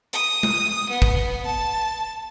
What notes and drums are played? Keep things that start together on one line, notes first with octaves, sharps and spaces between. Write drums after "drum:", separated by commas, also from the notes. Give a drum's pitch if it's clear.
D#6, drum: hi-hat
drum: tom
B3
drum: kick
A5